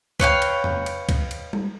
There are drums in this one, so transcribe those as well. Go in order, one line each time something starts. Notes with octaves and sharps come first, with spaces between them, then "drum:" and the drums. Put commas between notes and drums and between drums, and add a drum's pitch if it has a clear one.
B4 C#5 F5 G5, drum: kick
drum: cymbal
drum: tom
drum: cymbal
drum: kick, cymbal
drum: cymbal
drum: tom G3